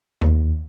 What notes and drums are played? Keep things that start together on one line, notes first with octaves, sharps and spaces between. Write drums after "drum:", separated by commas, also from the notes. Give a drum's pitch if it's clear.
D#2, drum: tom E2